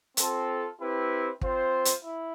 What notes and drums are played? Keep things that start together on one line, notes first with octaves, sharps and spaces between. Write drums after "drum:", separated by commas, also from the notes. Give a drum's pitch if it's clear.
C4 F4 A4, drum: hi-hat
C4 E4 G4 B4
C4 F4 C5, drum: kick
drum: hi-hat
E4